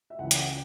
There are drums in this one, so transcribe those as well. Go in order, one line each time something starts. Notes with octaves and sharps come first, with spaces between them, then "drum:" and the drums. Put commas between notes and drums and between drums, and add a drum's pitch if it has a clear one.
E5
C#2 C#3 E3 F#5
G5, drum: hi-hat
F#5